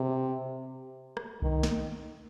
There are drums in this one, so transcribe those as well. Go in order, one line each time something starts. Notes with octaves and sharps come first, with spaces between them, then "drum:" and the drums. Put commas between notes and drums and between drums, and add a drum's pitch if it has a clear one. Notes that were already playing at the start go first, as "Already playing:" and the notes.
Already playing: C3
drum: rim click
D#3, drum: kick C2
drum: snare